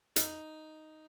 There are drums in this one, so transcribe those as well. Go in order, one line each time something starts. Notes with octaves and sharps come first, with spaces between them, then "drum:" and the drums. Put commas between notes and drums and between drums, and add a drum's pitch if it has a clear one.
D#4, drum: hi-hat